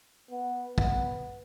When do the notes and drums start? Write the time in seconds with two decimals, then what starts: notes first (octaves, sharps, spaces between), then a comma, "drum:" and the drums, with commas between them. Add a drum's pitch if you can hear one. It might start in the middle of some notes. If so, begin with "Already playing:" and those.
0.31 B3
0.78 B3, drum: kick